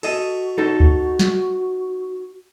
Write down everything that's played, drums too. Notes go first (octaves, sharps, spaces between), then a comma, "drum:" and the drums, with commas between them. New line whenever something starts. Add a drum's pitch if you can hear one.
F#4 A4 D#5, drum: cymbal
D#4 A4
drum: kick D2
drum: snare